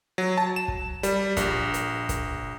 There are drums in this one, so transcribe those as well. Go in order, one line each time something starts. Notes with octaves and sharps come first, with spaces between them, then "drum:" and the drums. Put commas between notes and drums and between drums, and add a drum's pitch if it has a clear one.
F#3
A5
E7
drum: kick
G3, drum: hi-hat
A#1, drum: kick, hi-hat
drum: hi-hat
drum: kick, hi-hat